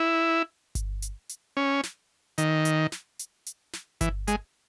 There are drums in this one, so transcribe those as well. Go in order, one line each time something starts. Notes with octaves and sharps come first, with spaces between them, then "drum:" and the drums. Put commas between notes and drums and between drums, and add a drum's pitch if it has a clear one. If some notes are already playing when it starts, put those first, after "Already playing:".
Already playing: E4
drum: kick G1, hi-hat
drum: hi-hat
drum: hi-hat
C#4
drum: snare
D#3, drum: hi-hat
drum: hi-hat
drum: snare
drum: hi-hat
drum: hi-hat
drum: snare
E3, drum: kick G1, hi-hat
G#3, drum: hi-hat